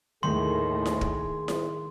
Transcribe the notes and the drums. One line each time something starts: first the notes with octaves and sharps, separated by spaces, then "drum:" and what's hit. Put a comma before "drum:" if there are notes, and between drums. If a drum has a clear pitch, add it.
D#2 A2 D#3 G#4 C6
drum: snare E4
drum: kick
drum: snare E4